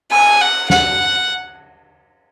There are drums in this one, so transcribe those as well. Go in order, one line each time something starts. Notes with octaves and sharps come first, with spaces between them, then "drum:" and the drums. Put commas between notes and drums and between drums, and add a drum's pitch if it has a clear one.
G#5, drum: cymbal
F#5
F#5, drum: snare